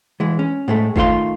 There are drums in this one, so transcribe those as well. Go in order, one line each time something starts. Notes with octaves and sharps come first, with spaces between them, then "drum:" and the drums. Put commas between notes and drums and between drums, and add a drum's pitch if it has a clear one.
E3 G#3
C#4
A2 G#3 A3
D#3 A3 F4 C#5 F5 C6, drum: kick G1